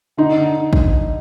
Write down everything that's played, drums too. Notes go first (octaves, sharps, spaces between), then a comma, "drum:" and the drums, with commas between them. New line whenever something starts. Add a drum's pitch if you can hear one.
D3 D#4
D3
drum: kick